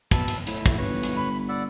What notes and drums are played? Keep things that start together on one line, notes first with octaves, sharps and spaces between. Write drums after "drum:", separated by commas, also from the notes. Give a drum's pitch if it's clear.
B2 A5 B5 E6, drum: kick, hi-hat
drum: hi-hat
A2 E4, drum: hi-hat
drum: kick, hi-hat
G1 B4 C#5
drum: hi-hat
B5
D5 F#5 E6